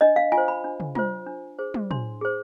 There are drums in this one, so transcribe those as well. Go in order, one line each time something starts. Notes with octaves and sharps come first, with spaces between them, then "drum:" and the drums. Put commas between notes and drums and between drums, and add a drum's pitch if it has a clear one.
D4 D#5
F5
F4 G#5
C5
B5
D4
drum: tom
F4 C5, drum: tom
D4
G#4 C5
drum: tom
D4 C6, drum: tom
G#4 C5